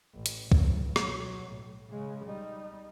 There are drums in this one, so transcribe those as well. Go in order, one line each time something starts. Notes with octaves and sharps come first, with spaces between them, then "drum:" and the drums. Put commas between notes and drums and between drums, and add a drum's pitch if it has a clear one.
A1
drum: hi-hat
C#2, drum: kick
B1 F#3, drum: rim click
A2
C#3 G#3
G3 D#4